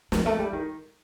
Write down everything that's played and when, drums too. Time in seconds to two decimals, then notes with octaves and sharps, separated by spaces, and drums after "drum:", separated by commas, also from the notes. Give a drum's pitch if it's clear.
0.12 F3, drum: snare
0.26 A3
0.39 G3
0.53 D#3